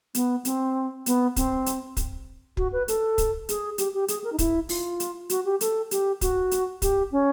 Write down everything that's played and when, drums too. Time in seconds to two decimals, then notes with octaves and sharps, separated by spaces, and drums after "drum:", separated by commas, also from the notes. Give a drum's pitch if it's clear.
0.15 B3, drum: hi-hat
0.45 C4, drum: hi-hat
1.06 B3, drum: hi-hat
1.36 C4, drum: kick, hi-hat
1.66 drum: hi-hat
1.97 drum: kick, hi-hat
2.57 F#4, drum: kick
2.72 B4
2.88 A4, drum: hi-hat
3.18 drum: kick, hi-hat
3.49 G#4, drum: hi-hat
3.78 G4, drum: hi-hat
3.94 G4
4.08 G#4, drum: hi-hat
4.24 A#4
4.33 D#4
4.39 E4, drum: kick, hi-hat
4.69 F4, drum: open hi-hat
5.00 drum: hi-hat
5.30 F#4, drum: hi-hat
5.45 G4
5.61 A4, drum: hi-hat
5.91 G4, drum: hi-hat
6.21 F#4, drum: kick, hi-hat
6.51 drum: hi-hat
6.82 G4, drum: kick, hi-hat
7.12 C#4